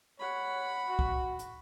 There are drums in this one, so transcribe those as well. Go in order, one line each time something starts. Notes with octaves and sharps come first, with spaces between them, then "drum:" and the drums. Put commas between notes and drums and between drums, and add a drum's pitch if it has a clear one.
C#5 F#5 B5
F#4
drum: kick
drum: hi-hat